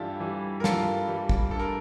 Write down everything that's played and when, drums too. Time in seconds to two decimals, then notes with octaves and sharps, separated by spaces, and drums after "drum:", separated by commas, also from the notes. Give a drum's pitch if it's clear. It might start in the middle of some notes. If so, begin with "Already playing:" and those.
Already playing: G2 E3 G3 D4 E4 F4 G4 A4
0.20 E3 G3
0.60 A#4
0.64 G2 F4 A4, drum: snare
1.08 E3 G3
1.29 drum: kick
1.51 G2 A4
1.59 A#4